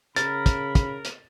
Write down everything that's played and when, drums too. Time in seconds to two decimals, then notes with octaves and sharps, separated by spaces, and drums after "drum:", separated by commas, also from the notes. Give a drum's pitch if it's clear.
0.16 C#3 A#4 B5 A6, drum: hi-hat
0.46 drum: kick, hi-hat
0.75 drum: kick, hi-hat
1.05 drum: hi-hat